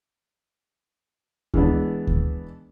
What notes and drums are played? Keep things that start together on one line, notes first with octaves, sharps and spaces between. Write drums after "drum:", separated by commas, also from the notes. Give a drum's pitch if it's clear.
E3 G#3 B3 D4, drum: kick D2
drum: kick D2